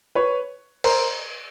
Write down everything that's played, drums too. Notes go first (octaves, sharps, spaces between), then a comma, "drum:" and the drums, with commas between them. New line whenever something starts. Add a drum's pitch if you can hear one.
B4 C#5
A#4 C5, drum: cymbal